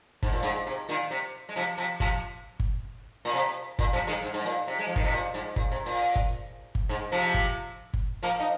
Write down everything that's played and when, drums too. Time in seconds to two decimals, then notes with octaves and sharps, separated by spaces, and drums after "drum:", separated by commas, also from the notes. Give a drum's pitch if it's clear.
0.23 G#2, drum: kick G1
0.33 A#2
0.43 G#2
0.67 C3
0.89 A#2 D#3
1.11 C3
1.49 G#3
1.56 C3 F3
1.78 C3 F3
2.00 C3 F3, drum: kick G1
2.60 drum: kick G1
3.25 A#2
3.34 C3
3.79 A#2, drum: kick G1
3.93 C3 F3
4.07 D#3 G#3
4.23 G#2
4.34 G#2
4.45 A#2
4.67 C3
4.79 G#3
4.87 F3
4.96 D#3, drum: kick G1
5.04 C3
5.12 A#2
5.34 G#2
5.56 A#2, drum: kick G1
5.71 C3
5.86 A#2
6.16 drum: kick G1
6.75 drum: kick G1
6.89 G#2
7.12 C3 F3
7.34 drum: kick G1
7.94 drum: kick G1
8.23 F3 A#3
8.40 D#4